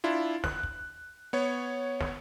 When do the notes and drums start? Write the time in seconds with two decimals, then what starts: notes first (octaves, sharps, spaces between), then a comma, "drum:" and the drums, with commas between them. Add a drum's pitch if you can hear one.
0.04 D4 E4 F4
0.44 F#6, drum: snare
0.63 drum: kick
1.33 B3 C#5
2.01 drum: snare